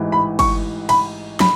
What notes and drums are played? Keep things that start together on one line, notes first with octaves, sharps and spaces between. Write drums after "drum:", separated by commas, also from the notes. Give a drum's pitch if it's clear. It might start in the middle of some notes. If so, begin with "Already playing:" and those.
Already playing: A1 G#2 E3
B5
C#6, drum: kick G1, cymbal
B5, drum: cymbal
B5, drum: snare